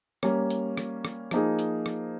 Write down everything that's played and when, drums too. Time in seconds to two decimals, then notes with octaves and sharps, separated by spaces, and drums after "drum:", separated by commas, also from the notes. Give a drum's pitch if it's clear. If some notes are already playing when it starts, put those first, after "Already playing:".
0.23 G3 A#3 C#4, drum: rim click
0.50 drum: hi-hat
0.77 drum: rim click
1.05 drum: rim click
1.31 F3 A#3 D#4 G#4, drum: rim click
1.59 drum: hi-hat
1.86 drum: rim click